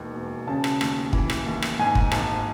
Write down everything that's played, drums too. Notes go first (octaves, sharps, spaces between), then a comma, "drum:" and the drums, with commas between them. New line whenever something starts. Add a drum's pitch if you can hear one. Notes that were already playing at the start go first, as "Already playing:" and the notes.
Already playing: E1 D#2 D#3
E1
C#3 A5
drum: rim click
D#2, drum: rim click
E3, drum: kick
drum: rim click
D#2
drum: rim click
G#2 G#5
drum: kick
G#1 A5, drum: rim click